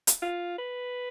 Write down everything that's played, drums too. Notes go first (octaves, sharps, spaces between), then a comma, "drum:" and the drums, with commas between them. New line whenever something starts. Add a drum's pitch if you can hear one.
drum: hi-hat
F4
B4